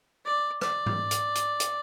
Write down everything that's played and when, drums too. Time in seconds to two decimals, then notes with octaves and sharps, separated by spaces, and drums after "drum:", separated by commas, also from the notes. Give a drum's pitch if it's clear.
0.25 D5
0.61 D5, drum: rim click
0.86 drum: tom G#2
1.11 drum: hi-hat
1.35 drum: hi-hat
1.60 drum: hi-hat